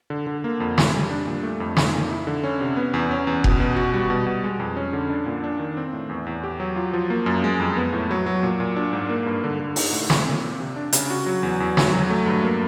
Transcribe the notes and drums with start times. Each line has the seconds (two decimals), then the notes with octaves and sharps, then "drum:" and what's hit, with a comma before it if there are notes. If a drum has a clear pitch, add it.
0.10 D3
0.27 D3
0.44 A#3
0.60 F2
0.78 G3, drum: snare
0.93 G3
1.10 D4
1.27 A#2
1.43 A3
1.60 F2
1.77 D#4, drum: snare
1.94 A#2
2.11 E4
2.27 D3
2.44 C#4
2.61 C3
2.77 B3
2.94 E2
3.11 C#4
3.27 E2
3.44 B2, drum: kick F1
3.60 B2
3.76 F#4
3.94 G3
4.10 B2
4.26 B2
4.44 G#3
4.60 F2
4.76 C#4
4.93 D3
5.10 D4
5.26 A#2
5.44 D4
5.59 D#3
5.77 C4
5.93 A2
6.09 E2
6.27 E2
6.43 G4
6.60 F#3
6.76 F4
6.93 F3
7.10 A#3
7.26 F#2
7.44 G#3
7.60 F2
7.77 B3
7.93 A2
8.11 F#3
8.26 F#3
8.43 A#2
8.60 A#2
8.76 D4
8.93 G#2
9.09 A#3
9.26 G2
9.44 D3
9.60 D3
9.76 D#4, drum: open hi-hat
9.93 A2
10.10 C4, drum: snare
10.27 A#2
10.44 C4
10.60 C3
10.76 D4
10.93 C#3, drum: hi-hat
11.10 F#4
11.26 F#3
11.43 E2
11.60 E2
11.77 F#3, drum: snare
11.94 F#3
12.10 A3
12.26 G2
12.43 A#3